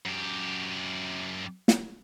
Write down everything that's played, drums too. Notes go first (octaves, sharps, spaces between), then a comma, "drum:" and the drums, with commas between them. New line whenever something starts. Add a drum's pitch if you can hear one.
F#2 G4
drum: snare